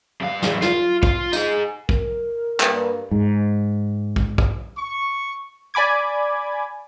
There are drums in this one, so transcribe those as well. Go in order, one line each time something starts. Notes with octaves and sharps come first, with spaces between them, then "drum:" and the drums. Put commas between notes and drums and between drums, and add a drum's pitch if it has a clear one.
G2 F5
A2 E3, drum: snare
F4, drum: snare
F4, drum: kick
D#4 G#4, drum: tambourine
A#4, drum: kick
G2 A#3 B4, drum: clap
G#2
drum: kick
drum: kick
C#6
D5 G#5 B5 D6 G#6